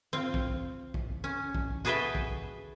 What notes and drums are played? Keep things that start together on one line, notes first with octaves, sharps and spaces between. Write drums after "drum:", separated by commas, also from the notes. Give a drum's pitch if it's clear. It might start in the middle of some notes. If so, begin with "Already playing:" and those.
C4 F4
drum: kick
drum: kick
C#4
drum: kick
F#4 G#4 A4 B4 E5 G5
drum: kick